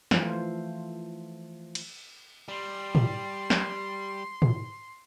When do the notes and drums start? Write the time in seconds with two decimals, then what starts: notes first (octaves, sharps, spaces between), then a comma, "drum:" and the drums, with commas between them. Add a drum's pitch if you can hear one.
0.11 E3 F3 A3 F4 C5, drum: snare
1.75 drum: cymbal
2.48 G3 C6
2.95 drum: tom
3.50 drum: snare
4.42 drum: tom